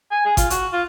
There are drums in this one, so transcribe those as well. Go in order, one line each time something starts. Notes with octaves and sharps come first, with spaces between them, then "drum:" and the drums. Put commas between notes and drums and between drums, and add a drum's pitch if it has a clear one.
G#5
G#4
F4, drum: kick G#1, hi-hat
F#4, drum: hi-hat
F4